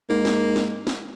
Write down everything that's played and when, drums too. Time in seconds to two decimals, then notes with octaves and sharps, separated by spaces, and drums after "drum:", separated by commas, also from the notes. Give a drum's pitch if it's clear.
0.09 G#2 A#3
0.25 drum: snare
0.56 drum: snare
0.87 drum: snare